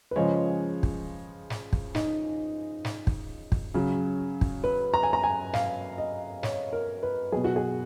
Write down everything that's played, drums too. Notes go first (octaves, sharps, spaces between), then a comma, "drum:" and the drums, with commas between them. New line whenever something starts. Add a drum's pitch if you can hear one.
B4
C#3 F3 G#3 C#5
drum: kick
drum: snare
drum: kick
D#4, drum: snare
drum: snare
drum: kick
drum: kick
C#3 F#3
drum: kick
B4
A#5
G#5
A#5
G#5
F5, drum: snare
D#5
C#5, drum: snare
A#4
B4
B2 F#3 G#4
F#4
G#4